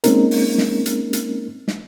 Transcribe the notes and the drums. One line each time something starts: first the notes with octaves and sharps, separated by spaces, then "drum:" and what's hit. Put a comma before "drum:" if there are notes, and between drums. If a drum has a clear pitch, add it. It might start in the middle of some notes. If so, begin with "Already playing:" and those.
G#3 A#3 C4 C#4 D#4 A#4, drum: hi-hat
drum: open hi-hat
drum: snare
drum: hi-hat
drum: hi-hat
drum: snare